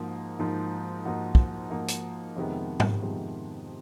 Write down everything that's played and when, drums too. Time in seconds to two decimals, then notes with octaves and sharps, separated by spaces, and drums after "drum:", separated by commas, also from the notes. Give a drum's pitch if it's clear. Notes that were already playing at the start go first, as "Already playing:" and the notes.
Already playing: G#2 F3 A#3 D#4 F#4
0.39 G#2 F3 A#3 D#4 F#4
1.05 G#2 F3 A#3 D#4 F#4
1.35 drum: kick
1.70 G#2 F3 A#3 D#4 F#4
1.88 drum: hi-hat
2.37 F2 C3 D#3 G#3 B3
2.80 drum: tom G#2
3.03 F2 C3 D#3 G#3 B3